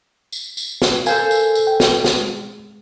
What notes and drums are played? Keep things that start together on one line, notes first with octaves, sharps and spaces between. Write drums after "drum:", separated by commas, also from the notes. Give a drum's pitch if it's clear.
drum: tambourine
drum: tambourine
drum: snare
A4 A#4 C5 F5 G#5, drum: tambourine
drum: tambourine
drum: tambourine
G5
drum: snare
drum: snare
G#3